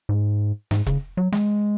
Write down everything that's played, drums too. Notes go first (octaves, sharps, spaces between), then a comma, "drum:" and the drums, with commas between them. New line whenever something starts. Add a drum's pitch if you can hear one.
G#2
G#2, drum: snare
C#3, drum: kick E1
F#3
G#3, drum: snare